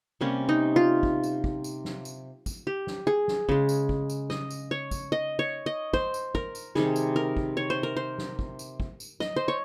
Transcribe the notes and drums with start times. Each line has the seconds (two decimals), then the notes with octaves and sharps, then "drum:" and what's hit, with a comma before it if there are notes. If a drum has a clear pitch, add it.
0.21 C3 G3 A#3 C#4
0.49 D#4
0.76 F4
1.03 drum: kick
1.24 drum: tambourine
1.44 drum: kick
1.64 drum: tambourine
1.85 drum: snare
2.05 drum: tambourine
2.46 drum: kick, tambourine
2.67 G4
2.87 drum: snare
3.07 G#4
3.28 drum: snare
3.49 C#3 G#3, drum: kick
3.69 drum: tambourine
3.89 drum: kick
4.10 drum: tambourine
4.30 D#5, drum: snare
4.50 drum: tambourine
4.71 C#5
4.91 drum: kick, tambourine
5.12 D#5
5.39 C#5
5.66 D#5
5.93 C5, drum: kick
6.14 drum: tambourine
6.35 A#4, drum: kick
6.55 drum: tambourine
6.75 C3 D#3 G3 G#4, drum: snare
6.96 drum: tambourine
7.16 A#4
7.37 drum: kick
7.57 C#5
7.70 C5
7.83 A#4
7.97 C5
8.18 drum: snare
8.39 drum: kick
8.59 drum: tambourine
8.80 drum: kick
9.00 drum: tambourine
9.20 D#5, drum: snare
9.36 C5
9.48 C#5